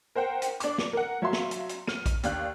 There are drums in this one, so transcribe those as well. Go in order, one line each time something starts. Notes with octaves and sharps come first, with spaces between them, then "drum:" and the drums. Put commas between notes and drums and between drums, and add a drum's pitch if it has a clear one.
A#4 C5 F#5 G5
drum: hi-hat
D4 D6, drum: hi-hat
drum: snare
A#4 F#5
F#3 E5 F5 C6
drum: snare
drum: hi-hat
drum: hi-hat
F6 D#7, drum: snare
drum: kick A#1, hi-hat
D#2 D4 F5 F#6, drum: hi-hat